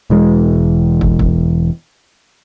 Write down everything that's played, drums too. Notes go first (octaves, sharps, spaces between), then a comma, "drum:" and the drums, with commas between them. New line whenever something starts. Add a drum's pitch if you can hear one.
E1 E3 G#3
drum: kick
drum: kick